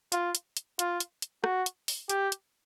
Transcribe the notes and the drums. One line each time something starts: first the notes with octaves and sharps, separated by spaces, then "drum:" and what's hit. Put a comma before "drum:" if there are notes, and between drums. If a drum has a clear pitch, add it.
F4, drum: hi-hat
drum: hi-hat
drum: hi-hat
F4, drum: hi-hat
drum: hi-hat
drum: hi-hat
F#4, drum: rim click
drum: hi-hat
drum: open hi-hat
G4, drum: hi-hat
drum: hi-hat